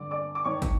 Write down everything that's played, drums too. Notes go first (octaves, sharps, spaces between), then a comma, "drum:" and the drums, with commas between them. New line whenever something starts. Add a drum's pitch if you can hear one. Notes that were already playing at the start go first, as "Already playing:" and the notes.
Already playing: G2 D3 D5 D6
D5 D6
D6
G2 D#3 C#5 C#6
drum: kick, hi-hat